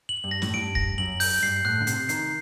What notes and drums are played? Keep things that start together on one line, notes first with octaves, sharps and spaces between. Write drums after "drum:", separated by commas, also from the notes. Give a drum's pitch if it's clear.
F#7
G2
A#6
A2, drum: snare
G2 D7
A#6, drum: kick
F#2 F#7
G6, drum: open hi-hat
G2 C7
A2 F#6
D3
C3 C7, drum: hi-hat
D#3 C7, drum: hi-hat